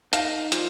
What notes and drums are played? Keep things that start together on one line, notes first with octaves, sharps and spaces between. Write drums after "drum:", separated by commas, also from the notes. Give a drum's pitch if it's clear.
D#4 F5, drum: hi-hat
F3, drum: hi-hat